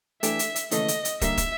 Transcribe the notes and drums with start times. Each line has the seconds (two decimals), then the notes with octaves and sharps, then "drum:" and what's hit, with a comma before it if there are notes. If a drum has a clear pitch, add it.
0.23 E3 A3 D4 G4 E5, drum: hi-hat
0.39 drum: hi-hat
0.56 drum: hi-hat
0.71 D#2 C#3 E3 A3 D#5, drum: hi-hat
0.88 drum: hi-hat
1.05 drum: hi-hat
1.21 D3 G3 A#3 E5, drum: kick, hi-hat
1.37 drum: kick, hi-hat